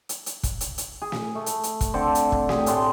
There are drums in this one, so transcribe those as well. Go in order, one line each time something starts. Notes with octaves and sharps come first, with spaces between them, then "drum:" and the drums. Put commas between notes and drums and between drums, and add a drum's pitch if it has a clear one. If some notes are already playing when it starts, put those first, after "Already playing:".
drum: hi-hat
drum: hi-hat
drum: kick, hi-hat
drum: hi-hat
drum: hi-hat
G#4
drum: snare
A3
drum: hi-hat
drum: hi-hat
drum: kick, hi-hat
D3 C4 A4 D5
drum: hi-hat
drum: kick
G4 G#4, drum: snare
A2 A5 C6, drum: hi-hat